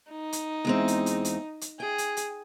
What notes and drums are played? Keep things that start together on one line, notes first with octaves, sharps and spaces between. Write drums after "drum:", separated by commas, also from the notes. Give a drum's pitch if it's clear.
D#4
drum: hi-hat
E2 G#3 C4
drum: hi-hat
drum: hi-hat
drum: hi-hat
drum: hi-hat
G#4 G5
drum: hi-hat
drum: hi-hat